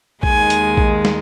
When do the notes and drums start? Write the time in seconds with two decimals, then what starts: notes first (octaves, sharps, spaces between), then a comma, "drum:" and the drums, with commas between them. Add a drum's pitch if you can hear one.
0.23 D#2 D#3 G#3 G#5, drum: kick A#1
0.50 drum: hi-hat
0.77 drum: kick A#1
1.05 drum: snare